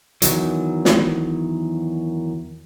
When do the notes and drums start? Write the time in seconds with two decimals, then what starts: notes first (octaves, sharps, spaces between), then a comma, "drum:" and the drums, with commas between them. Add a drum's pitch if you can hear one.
0.22 E2 D#3 F#3, drum: hi-hat
0.85 drum: snare